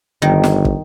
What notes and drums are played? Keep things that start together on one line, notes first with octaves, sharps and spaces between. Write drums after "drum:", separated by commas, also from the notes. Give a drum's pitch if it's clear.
G1 D#3
drum: snare
drum: kick